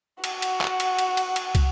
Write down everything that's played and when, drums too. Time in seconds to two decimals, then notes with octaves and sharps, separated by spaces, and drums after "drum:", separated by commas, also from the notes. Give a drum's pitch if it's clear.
0.24 F#4 F#5, drum: cymbal
0.42 drum: cymbal
0.61 drum: clap
0.80 drum: cymbal
0.99 drum: cymbal
1.17 drum: cymbal
1.36 drum: cymbal
1.55 drum: kick, cymbal